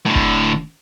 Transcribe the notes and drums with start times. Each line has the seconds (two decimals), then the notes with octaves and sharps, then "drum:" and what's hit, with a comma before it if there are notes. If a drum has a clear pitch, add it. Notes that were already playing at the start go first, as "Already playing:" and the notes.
0.06 A2 D3
0.15 drum: kick